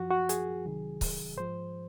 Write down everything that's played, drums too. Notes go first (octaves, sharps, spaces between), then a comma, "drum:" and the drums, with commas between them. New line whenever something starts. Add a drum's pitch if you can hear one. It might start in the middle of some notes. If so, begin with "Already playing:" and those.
Already playing: F#2 F3 F#4
F#4
G#4, drum: hi-hat
C2 C3 D#3 F#3
drum: kick C#1, open hi-hat
G#2 F3 C5